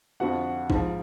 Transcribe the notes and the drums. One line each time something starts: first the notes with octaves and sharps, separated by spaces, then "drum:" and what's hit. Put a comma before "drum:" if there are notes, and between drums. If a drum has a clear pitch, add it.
F2 D3 F3 F#4 F#5
G#2 F3, drum: kick